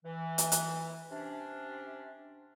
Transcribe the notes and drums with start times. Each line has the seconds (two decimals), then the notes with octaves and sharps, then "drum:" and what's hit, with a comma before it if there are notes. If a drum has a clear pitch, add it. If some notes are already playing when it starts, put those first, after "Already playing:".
0.05 E3
0.38 drum: hi-hat
0.52 drum: hi-hat
1.11 C3 C#4 D4